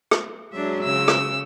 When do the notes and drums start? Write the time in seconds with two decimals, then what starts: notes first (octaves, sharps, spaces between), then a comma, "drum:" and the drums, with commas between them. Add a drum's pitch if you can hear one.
0.11 drum: rim click
0.52 F#3 G#3 D4 E5
0.84 C#3 E6
1.08 drum: rim click